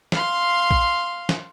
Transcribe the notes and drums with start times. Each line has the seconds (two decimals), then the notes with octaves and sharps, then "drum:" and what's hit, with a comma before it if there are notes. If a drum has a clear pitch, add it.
0.12 F5 C6, drum: snare
0.71 drum: kick A#1
1.29 drum: snare